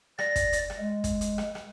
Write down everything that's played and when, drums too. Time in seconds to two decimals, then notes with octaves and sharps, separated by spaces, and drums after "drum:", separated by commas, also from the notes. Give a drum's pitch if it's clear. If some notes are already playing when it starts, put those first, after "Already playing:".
0.19 D5 A#6, drum: rim click
0.36 drum: kick, hi-hat
0.53 drum: hi-hat
0.70 drum: rim click
0.80 G#3
1.04 drum: kick, hi-hat
1.21 drum: hi-hat
1.38 drum: rim click
1.55 drum: rim click